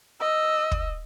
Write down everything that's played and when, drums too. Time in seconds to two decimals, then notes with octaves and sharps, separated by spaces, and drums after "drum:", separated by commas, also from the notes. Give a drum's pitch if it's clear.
0.20 D#5 E6
0.71 drum: kick